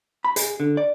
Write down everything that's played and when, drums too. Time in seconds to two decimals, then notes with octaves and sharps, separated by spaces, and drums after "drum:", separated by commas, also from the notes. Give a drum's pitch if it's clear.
0.25 B5
0.36 G#4, drum: hi-hat
0.60 D3
0.77 D5